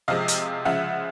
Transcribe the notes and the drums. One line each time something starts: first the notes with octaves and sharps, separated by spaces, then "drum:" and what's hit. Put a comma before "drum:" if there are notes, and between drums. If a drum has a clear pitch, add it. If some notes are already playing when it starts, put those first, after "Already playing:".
C3 F3 G#3 D#5 F5
drum: hi-hat
C#3 F3 G#3 E5 F#5